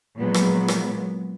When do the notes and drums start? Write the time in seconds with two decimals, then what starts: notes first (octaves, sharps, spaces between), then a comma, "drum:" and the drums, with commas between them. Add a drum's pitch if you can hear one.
0.17 A#2 F3 F#3 G#3 A#3 B3
0.34 drum: rim click
0.68 drum: rim click